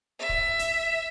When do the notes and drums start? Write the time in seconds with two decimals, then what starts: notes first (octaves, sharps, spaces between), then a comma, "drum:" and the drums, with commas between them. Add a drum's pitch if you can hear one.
0.20 E5
0.29 drum: kick
0.59 drum: hi-hat